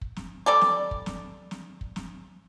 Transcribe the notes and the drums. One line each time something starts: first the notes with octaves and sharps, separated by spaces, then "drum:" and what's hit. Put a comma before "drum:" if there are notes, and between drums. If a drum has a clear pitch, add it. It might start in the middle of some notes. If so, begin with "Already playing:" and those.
drum: kick
drum: snare
G3 A4 D5
drum: snare
drum: kick
drum: snare
drum: snare
drum: kick
drum: snare